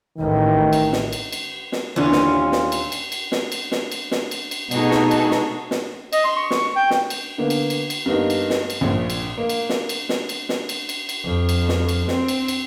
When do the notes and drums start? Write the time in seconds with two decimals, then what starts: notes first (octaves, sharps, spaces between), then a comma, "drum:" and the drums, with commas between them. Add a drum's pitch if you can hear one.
0.18 A1 A2 D#3
0.73 drum: cymbal
0.93 drum: snare
1.13 drum: cymbal
1.32 drum: cymbal
1.72 drum: snare
1.96 D#2 A#2 D3 E3 C#4 F4
2.12 drum: snare
2.52 drum: snare
2.72 drum: cymbal
2.92 drum: cymbal
3.12 drum: cymbal
3.32 drum: snare
3.52 drum: cymbal
3.72 drum: snare
3.92 drum: cymbal
4.11 drum: snare
4.31 drum: cymbal
4.51 drum: cymbal
4.71 B2 A3 D#4 F#4 G#4 A4, drum: cymbal
4.91 drum: snare
5.11 drum: cymbal
5.31 drum: snare
5.71 drum: snare
6.13 D#5, drum: cymbal
6.24 C6
6.37 C#6
6.51 drum: snare
6.76 G5
6.90 drum: snare
7.10 drum: cymbal
7.38 D3 A#3 B3
7.50 drum: cymbal
7.70 drum: cymbal
7.90 drum: cymbal
8.06 G2 A#3 B3 D#4
8.30 drum: cymbal
8.50 drum: snare
8.70 drum: cymbal
8.81 A#1 A#2
9.10 drum: cymbal
9.38 A#3
9.49 drum: cymbal
9.69 drum: snare
9.89 drum: cymbal
10.09 drum: snare
10.29 drum: cymbal
10.49 drum: snare
10.69 drum: cymbal
10.89 drum: cymbal
11.09 drum: cymbal
11.24 F2
11.49 drum: cymbal
11.69 drum: snare
11.89 drum: cymbal
12.08 C4, drum: snare
12.28 drum: cymbal
12.48 drum: cymbal